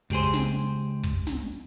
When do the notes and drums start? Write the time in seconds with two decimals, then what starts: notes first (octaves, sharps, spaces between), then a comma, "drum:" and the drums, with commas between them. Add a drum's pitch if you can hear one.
0.10 C#2 G4 G#4 C5, drum: kick
0.33 drum: snare
1.03 drum: kick
1.27 drum: snare